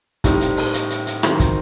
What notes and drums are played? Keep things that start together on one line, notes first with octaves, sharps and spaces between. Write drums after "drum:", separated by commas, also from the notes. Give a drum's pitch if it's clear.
A2 G3 C4 D#4, drum: kick, hi-hat
drum: hi-hat
drum: open hi-hat
drum: hi-hat
drum: hi-hat
drum: hi-hat
D#3 F#3 C4 D#4, drum: rim click
drum: kick, hi-hat